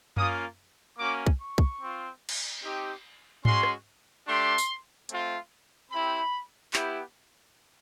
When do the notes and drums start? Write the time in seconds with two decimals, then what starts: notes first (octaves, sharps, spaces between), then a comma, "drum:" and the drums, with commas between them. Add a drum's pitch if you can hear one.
0.17 A#3 C#4 F4 D#6, drum: tom F#2
0.98 A#3 C#4 F#4 D6
1.27 drum: kick
1.39 C#6
1.58 drum: kick
1.81 C4 F4
2.29 drum: cymbal
2.63 C4 D#4 G4
3.45 G#3 C#4 F#4 C6, drum: tom G#2
3.63 drum: rim click
4.27 A3 D4 G4 C6
4.58 drum: tambourine
5.09 A3 C4 F4, drum: hi-hat
5.91 C4 E4 G4 B5
6.73 B3 E4 G4, drum: clap